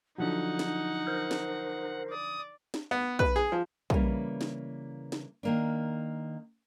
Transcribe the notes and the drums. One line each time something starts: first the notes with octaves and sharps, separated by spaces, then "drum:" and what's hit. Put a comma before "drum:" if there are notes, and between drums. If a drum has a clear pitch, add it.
D3 F3 F#3 D#4 F#5
drum: snare D4
A#4 C5
drum: snare D4
D5 D#6
drum: snare D4
B3
B4, drum: kick
G#4
F3
C#3 E3 G3 A#3, drum: kick
drum: snare D4
drum: snare D4
D#3 A#3 D4